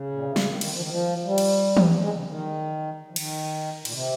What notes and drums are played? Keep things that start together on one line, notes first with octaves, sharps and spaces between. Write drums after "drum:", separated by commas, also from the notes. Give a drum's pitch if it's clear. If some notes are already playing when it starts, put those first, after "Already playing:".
Already playing: C#3
A#2
C3
C#3, drum: snare
D#3
D#3, drum: cymbal
F3
D#3
F3
G3
drum: cymbal
drum: tom E3
G3
G#3
C#3
D#3
F3
D#3, drum: cymbal
A#2, drum: cymbal
C3